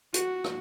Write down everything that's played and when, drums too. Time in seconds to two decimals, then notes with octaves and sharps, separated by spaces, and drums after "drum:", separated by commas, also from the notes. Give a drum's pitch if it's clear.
0.14 F#4, drum: hi-hat
0.44 drum: rim click